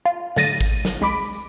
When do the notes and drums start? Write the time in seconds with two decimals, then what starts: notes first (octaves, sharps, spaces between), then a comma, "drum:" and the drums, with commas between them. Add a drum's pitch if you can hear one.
0.05 F4
0.36 A2 D3 A6 A#6 D#7, drum: snare
0.61 drum: kick G#1, tambourine
0.85 drum: snare
1.01 C2 G#3 B5 D6
1.33 drum: tambourine